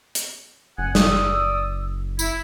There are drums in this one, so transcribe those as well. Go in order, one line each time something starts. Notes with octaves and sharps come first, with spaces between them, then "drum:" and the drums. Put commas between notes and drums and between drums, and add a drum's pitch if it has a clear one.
drum: hi-hat
F#1 F#5 G#5
D5 D#6 E6, drum: snare
E4, drum: tambourine